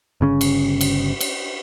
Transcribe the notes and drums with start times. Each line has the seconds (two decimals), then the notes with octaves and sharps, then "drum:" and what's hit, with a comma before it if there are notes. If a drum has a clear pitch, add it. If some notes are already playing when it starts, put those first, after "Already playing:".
0.21 G1 C#3 C#4
0.41 drum: cymbal
0.81 drum: cymbal
1.21 drum: cymbal